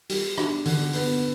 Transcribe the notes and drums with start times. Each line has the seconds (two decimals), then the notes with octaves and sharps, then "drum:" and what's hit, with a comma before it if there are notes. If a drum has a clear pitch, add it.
0.09 G3, drum: open hi-hat
0.38 D4, drum: rim click
0.65 D3, drum: open hi-hat
0.93 B3, drum: open hi-hat